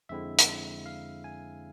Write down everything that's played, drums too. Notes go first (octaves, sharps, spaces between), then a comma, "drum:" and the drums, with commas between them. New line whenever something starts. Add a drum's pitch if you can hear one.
F2 D3 G#3 C4 E4 E5
drum: hi-hat
F5
G#5